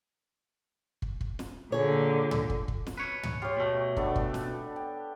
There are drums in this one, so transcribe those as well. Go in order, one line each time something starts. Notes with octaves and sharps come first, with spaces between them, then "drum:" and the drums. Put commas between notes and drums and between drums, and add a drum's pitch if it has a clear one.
drum: kick
drum: kick
drum: snare
A#2 D3 G#4 C#5
drum: tom
drum: kick
drum: kick
drum: snare
B4 C#5
drum: tom
F4 G4 C#5
B2 A3
B3 D4 A4, drum: kick
drum: kick
drum: snare
G5